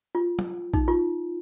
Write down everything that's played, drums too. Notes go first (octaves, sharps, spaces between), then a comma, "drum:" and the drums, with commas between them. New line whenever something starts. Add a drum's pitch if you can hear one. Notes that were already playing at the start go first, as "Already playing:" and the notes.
F4
drum: tom
D#4, drum: kick
F4